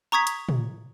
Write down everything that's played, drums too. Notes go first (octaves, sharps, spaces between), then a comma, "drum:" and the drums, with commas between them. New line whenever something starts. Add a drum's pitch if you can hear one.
A#5 C#6 D#6 G#6 B6
drum: hi-hat
drum: tom